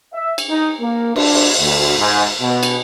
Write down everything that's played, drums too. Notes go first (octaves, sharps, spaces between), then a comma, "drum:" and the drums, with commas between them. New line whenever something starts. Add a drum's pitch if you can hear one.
E5
drum: cymbal
D#4
A#3
D4, drum: cymbal
drum: cymbal
D2
G#2
B2
drum: cymbal